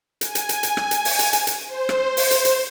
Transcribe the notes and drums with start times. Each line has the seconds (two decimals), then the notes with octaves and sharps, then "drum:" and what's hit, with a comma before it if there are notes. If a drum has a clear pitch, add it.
0.21 G#5, drum: hi-hat
0.35 drum: hi-hat
0.49 drum: hi-hat
0.63 drum: hi-hat
0.77 drum: rim click
0.91 drum: hi-hat
1.05 drum: open hi-hat
1.19 drum: hi-hat
1.33 drum: hi-hat
1.47 drum: hi-hat
1.66 C5
1.89 drum: rim click
2.17 drum: open hi-hat
2.31 drum: hi-hat
2.45 drum: hi-hat